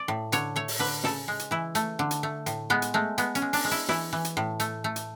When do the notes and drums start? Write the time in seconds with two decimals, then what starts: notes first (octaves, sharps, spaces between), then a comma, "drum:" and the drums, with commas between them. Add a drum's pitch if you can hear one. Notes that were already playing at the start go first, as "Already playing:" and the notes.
Already playing: D5
0.08 A2
0.32 D3 C#5, drum: hi-hat
0.56 A3 C#5
0.68 drum: open hi-hat
0.79 D3 B4
1.04 C#3 A4, drum: snare
1.28 G#3
1.39 drum: hi-hat
1.51 E3 E4
1.75 A3, drum: hi-hat
1.99 D3
2.11 drum: hi-hat
2.23 A3
2.46 A2, drum: hi-hat
2.70 G#3 B3
2.82 drum: hi-hat
2.94 G#3 A3
3.18 G#3 B3, drum: hi-hat
3.35 C#4, drum: hi-hat
3.42 G#3
3.53 D4, drum: open hi-hat
3.65 G#3
3.71 E4, drum: hi-hat
3.89 E3 E4, drum: snare
4.13 E3
4.25 drum: hi-hat
4.37 A2
4.60 A3, drum: hi-hat
4.84 A3
4.96 drum: hi-hat